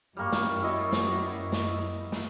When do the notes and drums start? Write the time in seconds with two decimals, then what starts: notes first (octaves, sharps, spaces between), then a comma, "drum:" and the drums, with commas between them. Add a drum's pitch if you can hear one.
0.17 F#2 G3 A#3 C#6
0.32 drum: snare
0.62 E4 D#5 C#6
0.92 drum: snare
1.52 drum: snare
2.12 drum: snare